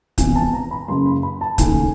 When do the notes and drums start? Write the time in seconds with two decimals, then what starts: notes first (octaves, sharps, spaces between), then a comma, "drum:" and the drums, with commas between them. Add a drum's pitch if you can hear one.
0.18 E1 E2 C3 F3 G#5, drum: kick, hi-hat
0.36 A5
0.53 A#5
0.71 B5
0.88 F#1 F#2 C#3 C6
1.06 B5
1.23 B5
1.41 A5
1.58 D#2 C#3 F3 A3 G#5, drum: kick, hi-hat